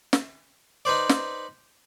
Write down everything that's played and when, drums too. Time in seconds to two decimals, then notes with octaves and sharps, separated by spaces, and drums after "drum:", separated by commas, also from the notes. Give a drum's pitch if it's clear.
0.13 drum: snare
0.85 D#4 B4 C5 D5
1.09 drum: snare